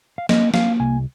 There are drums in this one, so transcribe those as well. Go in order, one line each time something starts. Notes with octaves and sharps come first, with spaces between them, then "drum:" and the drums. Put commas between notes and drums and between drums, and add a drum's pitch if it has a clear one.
F5
A#3 D#5, drum: snare
A#3 F5, drum: snare
C2 G#5